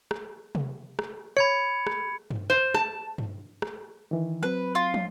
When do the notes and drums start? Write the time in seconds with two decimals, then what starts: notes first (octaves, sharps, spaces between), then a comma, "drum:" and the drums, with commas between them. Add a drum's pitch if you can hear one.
0.11 drum: rim click
0.55 drum: tom C3
0.99 drum: rim click
1.37 C#5 B5 G#6 C#7
1.87 drum: rim click
2.30 drum: tom G2
2.50 C5
2.74 A5, drum: rim click
3.18 drum: tom G2
3.62 drum: rim click
4.11 D#3 E3
4.43 F#3 C4 B4
4.75 F4
4.94 drum: tom